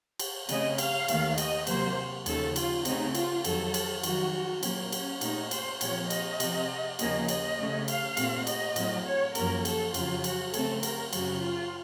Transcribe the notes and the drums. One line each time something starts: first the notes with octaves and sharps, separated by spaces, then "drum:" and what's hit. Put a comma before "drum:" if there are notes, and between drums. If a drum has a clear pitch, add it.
drum: cymbal
C#3 A3 C4 D#5, drum: cymbal
F5, drum: cymbal
D#2 D#3 A3, drum: cymbal
D#5, drum: cymbal
C3 F#3 A#3 C5, drum: cymbal
D#2 C#3 F3 A4, drum: cymbal
F4, drum: cymbal
C#3 A3 C4 D#4, drum: cymbal
F4, drum: cymbal
F2 D#3 F#3 A4, drum: cymbal
drum: cymbal
F2 D#3 F#3 F#4, drum: cymbal
A#2 F#3 A#3 C#4, drum: cymbal
C#4, drum: cymbal
A#2 A3 C#4 D#4, drum: cymbal
C5, drum: cymbal
A#2 F3 C4 C#5, drum: cymbal
D#5, drum: cymbal
C3 F3 C4, drum: cymbal
D#2 C#3 F3 A#3 C#4 D#5, drum: cymbal
D#5, drum: cymbal
C#3 A3 C#4
F5, drum: cymbal
A#2 A3 C4, drum: cymbal
D#5, drum: cymbal
A2 F#3 C4, drum: cymbal
C#5
F#2 F3 A#3 C#4 A#4, drum: cymbal
A4, drum: cymbal
F2 C#3 F#3 F4, drum: cymbal
F#4, drum: cymbal
C#3 A3 C4 A4, drum: cymbal
A#4, drum: cymbal
F#2 C#3 F#3 F#4, drum: cymbal
F4